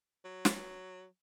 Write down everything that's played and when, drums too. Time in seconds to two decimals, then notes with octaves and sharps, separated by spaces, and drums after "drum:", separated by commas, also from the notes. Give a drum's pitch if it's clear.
0.25 F#3
0.45 drum: snare